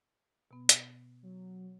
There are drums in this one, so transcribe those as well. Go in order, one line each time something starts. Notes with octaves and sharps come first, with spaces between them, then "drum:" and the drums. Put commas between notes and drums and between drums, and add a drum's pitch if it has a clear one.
B2 B3
drum: hi-hat
F#3